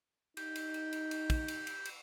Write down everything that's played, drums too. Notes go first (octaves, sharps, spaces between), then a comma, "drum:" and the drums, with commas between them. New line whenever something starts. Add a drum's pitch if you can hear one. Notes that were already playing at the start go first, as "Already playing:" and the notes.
D#4 G4, drum: cymbal
drum: cymbal
drum: cymbal
drum: cymbal
drum: cymbal
drum: kick, cymbal
drum: cymbal
drum: cymbal
drum: cymbal